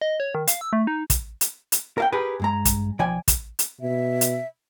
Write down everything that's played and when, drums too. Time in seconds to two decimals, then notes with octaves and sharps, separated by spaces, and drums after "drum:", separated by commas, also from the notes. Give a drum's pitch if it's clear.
0.01 D#5
0.20 C#5
0.35 D#3
0.48 F5, drum: hi-hat
0.61 E6
0.73 A3
0.87 D#4
1.10 drum: kick, hi-hat
1.41 drum: hi-hat
1.72 drum: hi-hat
1.98 A#4 F5 G5
2.12 G4 G#4 A#4 B4
2.40 G2 G#3 A#5
2.65 drum: kick, hi-hat
2.99 B1 F3 D5 G5 G#5
3.28 drum: kick, hi-hat
3.59 drum: hi-hat
3.81 B2 E5
4.21 drum: hi-hat